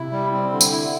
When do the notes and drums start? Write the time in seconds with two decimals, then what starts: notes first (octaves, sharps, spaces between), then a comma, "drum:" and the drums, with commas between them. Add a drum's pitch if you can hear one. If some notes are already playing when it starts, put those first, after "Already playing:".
Already playing: C3 E4
0.12 G3
0.32 C4
0.52 D3
0.61 drum: tambourine
0.72 E4